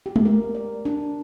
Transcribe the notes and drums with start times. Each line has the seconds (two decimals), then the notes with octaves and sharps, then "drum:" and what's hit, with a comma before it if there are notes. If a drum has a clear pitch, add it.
0.06 G4
0.16 drum: tom G#3
0.25 A#4
0.55 D5
0.85 D4